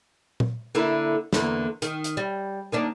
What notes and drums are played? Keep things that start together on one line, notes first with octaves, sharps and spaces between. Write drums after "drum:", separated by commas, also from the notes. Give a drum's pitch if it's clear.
drum: tom
D3 A#3 E4
E2 D3 A#3, drum: snare
D#3, drum: hi-hat
drum: hi-hat
G3
D#3 A#3 D4